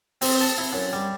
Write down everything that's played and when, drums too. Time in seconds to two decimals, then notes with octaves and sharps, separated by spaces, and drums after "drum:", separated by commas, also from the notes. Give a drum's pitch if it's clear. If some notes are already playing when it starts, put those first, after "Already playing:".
0.21 C4, drum: open hi-hat
0.41 A5
0.58 E4
0.73 F#2
0.93 G3